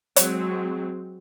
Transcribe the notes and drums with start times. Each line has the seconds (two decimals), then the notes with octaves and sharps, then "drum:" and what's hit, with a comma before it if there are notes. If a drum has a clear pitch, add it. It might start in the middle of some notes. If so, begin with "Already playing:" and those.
0.16 F#3 G#3 C4, drum: hi-hat